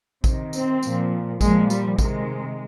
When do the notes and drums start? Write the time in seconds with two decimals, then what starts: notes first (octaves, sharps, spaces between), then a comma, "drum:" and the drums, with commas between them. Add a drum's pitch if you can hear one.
0.24 C3 D#3, drum: kick A1, tambourine
0.53 C4, drum: tambourine
0.83 A#2 F3, drum: tambourine
1.41 A#2 F3 G#3, drum: kick A1, tambourine
1.70 G3, drum: tambourine
1.98 C3 D#3 G#3, drum: kick A1, tambourine